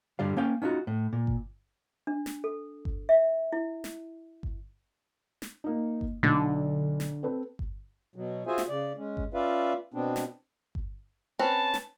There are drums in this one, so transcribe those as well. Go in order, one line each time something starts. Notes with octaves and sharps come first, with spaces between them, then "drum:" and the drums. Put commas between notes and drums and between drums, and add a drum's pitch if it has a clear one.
G2 D3 G3 F5
A#3 C#4 F5 G5
C#4 D#4 F4 F#4
A2
A#2
drum: kick G1
D4
drum: snare
A4
drum: kick G1
E5
E4
drum: snare
drum: kick G1
drum: snare
A#3 D#4
drum: kick G1
B1 D3
drum: snare
C4 A4 B4
drum: kick G1
B2 F#3
F4 F#4 G#4 C5 E5 G#5
drum: snare
C#3 D5
G#3 C#4
drum: kick G1
C#4 F4 B4 D5 E5 F5
B2 B3 C4 D4
drum: snare
drum: kick G1
C4 C#4 B4 A5
drum: snare